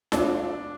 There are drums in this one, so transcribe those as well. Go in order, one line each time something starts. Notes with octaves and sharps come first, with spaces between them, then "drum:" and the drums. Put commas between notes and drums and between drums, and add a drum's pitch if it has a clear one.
D4, drum: snare F4